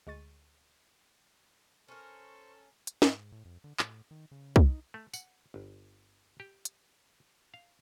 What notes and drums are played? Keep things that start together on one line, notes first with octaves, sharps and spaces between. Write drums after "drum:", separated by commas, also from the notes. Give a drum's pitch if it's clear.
D2 G#3 C#6 A6 D#7
C#4 A4 A#4 C5 C#6
drum: hi-hat
G#2, drum: snare
A2
F2
D3
A2, drum: clap
D#3
C#3
D#4, drum: kick
A3
F#5, drum: tambourine
G1
G4
drum: hi-hat
F5